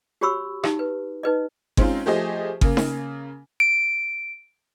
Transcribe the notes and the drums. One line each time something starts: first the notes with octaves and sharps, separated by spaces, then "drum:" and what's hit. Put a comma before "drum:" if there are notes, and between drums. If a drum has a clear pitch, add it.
F#4 G4 C#5 B5 C#6 E6
D#4 G4, drum: rim click
B4
D#4 B4 D#5
G#3 C4 C#4 D#4 F4, drum: kick G1
F3 A3 G4 G#4 C5 D#5
C#3 A#3, drum: kick G1
drum: snare D#4
D7